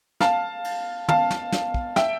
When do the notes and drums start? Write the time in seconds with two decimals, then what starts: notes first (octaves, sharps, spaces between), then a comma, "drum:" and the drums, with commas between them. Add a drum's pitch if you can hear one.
0.20 F5 A5, drum: snare
0.65 drum: cymbal
1.08 F5 A5, drum: tom
1.30 drum: snare
1.52 drum: snare
1.74 drum: kick
1.96 E5 G5, drum: snare